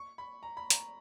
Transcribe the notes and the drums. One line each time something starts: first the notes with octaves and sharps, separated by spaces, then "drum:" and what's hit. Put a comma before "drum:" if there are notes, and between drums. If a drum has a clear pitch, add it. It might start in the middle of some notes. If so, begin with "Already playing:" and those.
Already playing: C#6
B5
A#5
B5
A#5, drum: hi-hat